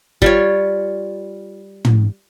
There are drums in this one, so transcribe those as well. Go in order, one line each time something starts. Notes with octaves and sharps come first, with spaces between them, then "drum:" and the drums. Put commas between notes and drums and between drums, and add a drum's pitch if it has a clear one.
G3 F4 C#5, drum: kick
drum: tom